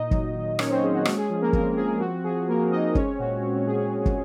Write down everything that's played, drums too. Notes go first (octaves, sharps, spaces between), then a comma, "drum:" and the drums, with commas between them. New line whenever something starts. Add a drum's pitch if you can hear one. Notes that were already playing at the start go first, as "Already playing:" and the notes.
Already playing: A#2 D#4 D#5
F#3, drum: kick
D#3
A#3 C#4 C#5, drum: rim click
C4 C5
C#4 G#4
F#4
G#3 F#4, drum: rim click
G#4
F3 G#4
A#3 A#4
A#3 C4 A#4, drum: kick
F3 G#4
C4 F#4
F3 G#4
F3 A#3 A#4
C4 D#4 D#5
G#3 C#4 C#5, drum: kick
A#2 F#4
C4
A#2 G#4
drum: kick